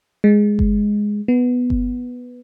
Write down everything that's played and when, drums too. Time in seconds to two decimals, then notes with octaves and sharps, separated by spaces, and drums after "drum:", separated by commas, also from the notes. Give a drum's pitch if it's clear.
0.24 G#3
0.59 drum: kick G1
1.28 B3
1.70 drum: kick G1